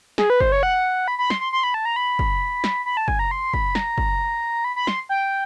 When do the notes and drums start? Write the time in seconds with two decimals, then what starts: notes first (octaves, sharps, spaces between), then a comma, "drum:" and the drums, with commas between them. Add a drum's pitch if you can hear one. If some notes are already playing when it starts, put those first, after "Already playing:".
0.18 G#4, drum: snare
0.30 B4
0.41 C5, drum: kick
0.52 C#5
0.63 F#5
1.08 B5
1.19 B5
1.30 C6, drum: snare
1.41 C6
1.53 C6
1.63 B5
1.74 A5
1.85 A#5
1.96 B5
2.19 drum: kick
2.64 drum: snare
2.86 B5
2.97 A5
3.08 G#5, drum: kick
3.19 A#5
3.31 C6
3.54 B5, drum: kick
3.75 A#5, drum: snare
3.98 drum: kick
4.64 B5
4.76 B5
4.87 C6, drum: snare
5.09 G5